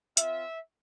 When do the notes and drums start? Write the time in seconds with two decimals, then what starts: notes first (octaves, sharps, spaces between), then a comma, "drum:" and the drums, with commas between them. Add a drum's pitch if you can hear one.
0.17 C4 F4 E5, drum: hi-hat